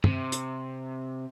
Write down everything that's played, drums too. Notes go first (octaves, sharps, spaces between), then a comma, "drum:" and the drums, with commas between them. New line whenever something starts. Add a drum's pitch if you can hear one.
C3, drum: tom G2
drum: hi-hat